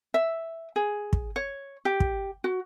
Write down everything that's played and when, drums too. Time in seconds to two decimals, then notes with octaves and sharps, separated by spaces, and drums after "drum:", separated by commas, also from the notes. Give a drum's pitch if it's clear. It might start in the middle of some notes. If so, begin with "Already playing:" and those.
0.14 E5
0.76 G#4
1.13 drum: kick
1.36 C#5
1.85 G4
2.00 drum: kick
2.44 F#4